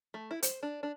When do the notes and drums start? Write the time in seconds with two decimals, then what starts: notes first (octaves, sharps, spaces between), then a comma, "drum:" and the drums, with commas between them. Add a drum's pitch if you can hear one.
0.14 A3
0.31 E4
0.43 C5, drum: hi-hat
0.63 D4
0.83 D4